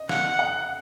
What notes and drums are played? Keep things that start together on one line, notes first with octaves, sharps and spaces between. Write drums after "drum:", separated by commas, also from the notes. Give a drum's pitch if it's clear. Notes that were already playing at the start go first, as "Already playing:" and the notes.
Already playing: D#5
F5 F#5, drum: snare
F#5